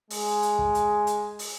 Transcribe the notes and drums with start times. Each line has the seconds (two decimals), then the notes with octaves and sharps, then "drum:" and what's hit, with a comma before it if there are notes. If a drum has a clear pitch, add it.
0.10 G#3, drum: open hi-hat
0.43 drum: hi-hat
0.59 drum: kick
0.75 drum: hi-hat
1.07 drum: hi-hat
1.39 drum: open hi-hat